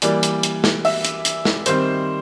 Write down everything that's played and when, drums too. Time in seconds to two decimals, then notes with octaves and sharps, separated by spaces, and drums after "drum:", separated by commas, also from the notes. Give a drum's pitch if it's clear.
0.02 E3 G3 A#3 D5, drum: hi-hat
0.23 drum: hi-hat
0.43 drum: hi-hat
0.64 drum: snare
0.85 E5, drum: open hi-hat
1.05 drum: hi-hat
1.25 drum: hi-hat
1.45 drum: snare
1.66 D#3 G3 C4 C5, drum: hi-hat